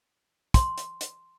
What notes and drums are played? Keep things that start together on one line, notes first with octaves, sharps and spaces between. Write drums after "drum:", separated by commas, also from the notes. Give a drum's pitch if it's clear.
C6, drum: kick, hi-hat
drum: hi-hat
drum: hi-hat